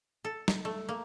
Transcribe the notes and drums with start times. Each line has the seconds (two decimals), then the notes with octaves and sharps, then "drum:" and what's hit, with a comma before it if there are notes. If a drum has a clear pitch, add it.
0.24 A4
0.48 drum: snare
0.65 A3
0.89 A#3